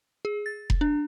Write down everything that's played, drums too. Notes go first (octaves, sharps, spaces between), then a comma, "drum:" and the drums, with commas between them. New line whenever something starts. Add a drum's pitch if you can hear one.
G#4
A6
drum: kick F1
D4